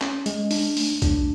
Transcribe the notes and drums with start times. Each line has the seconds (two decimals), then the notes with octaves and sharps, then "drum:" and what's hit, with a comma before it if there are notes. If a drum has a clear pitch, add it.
0.01 C#4, drum: clap
0.26 G#3, drum: hi-hat
0.51 D4, drum: open hi-hat
0.77 A3, drum: open hi-hat
1.02 D4, drum: kick A#1, hi-hat